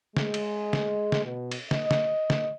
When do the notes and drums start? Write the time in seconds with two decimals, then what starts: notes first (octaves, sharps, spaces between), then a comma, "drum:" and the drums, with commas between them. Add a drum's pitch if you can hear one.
0.17 G#3, drum: snare
0.34 drum: cymbal
0.73 drum: snare
1.12 drum: snare
1.25 B2
1.51 drum: cymbal
1.71 D#5, drum: snare
1.91 drum: snare
2.30 drum: snare